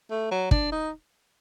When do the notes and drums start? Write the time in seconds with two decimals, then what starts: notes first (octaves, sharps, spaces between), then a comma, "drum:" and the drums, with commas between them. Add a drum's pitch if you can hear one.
0.11 A3
0.31 F#3
0.51 D4, drum: kick
0.72 D#4